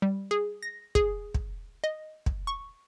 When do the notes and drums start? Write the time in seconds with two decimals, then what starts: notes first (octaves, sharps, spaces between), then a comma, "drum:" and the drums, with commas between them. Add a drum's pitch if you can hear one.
0.02 G3
0.31 G#4
0.63 A#6
0.95 G#4, drum: kick
1.34 drum: kick
1.84 D#5
2.26 drum: kick
2.47 C#6